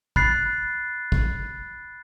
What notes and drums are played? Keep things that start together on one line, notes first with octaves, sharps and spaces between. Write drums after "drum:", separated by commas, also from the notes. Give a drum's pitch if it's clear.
B5 F#6 A6 C7, drum: kick
drum: kick